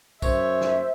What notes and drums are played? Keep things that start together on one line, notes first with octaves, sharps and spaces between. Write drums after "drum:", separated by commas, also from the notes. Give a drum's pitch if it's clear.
F#2 C5 C#5 E5, drum: kick, tambourine
drum: snare